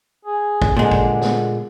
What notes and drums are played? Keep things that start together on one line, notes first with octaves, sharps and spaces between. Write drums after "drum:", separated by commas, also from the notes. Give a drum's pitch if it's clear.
G#4
drum: kick
A#2 D3 G#3
drum: kick
drum: snare